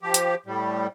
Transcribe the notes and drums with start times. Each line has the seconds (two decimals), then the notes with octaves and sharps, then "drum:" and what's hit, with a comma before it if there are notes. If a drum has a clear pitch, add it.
0.02 F3 G4
0.14 drum: hi-hat
0.46 A2 G3